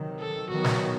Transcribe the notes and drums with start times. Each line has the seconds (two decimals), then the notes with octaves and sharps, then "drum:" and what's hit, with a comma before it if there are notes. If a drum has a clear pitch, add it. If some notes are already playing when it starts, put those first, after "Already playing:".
Already playing: C3 D#3 F#3
0.20 A4
0.50 D#3 F#3 B3 F#4
0.64 drum: snare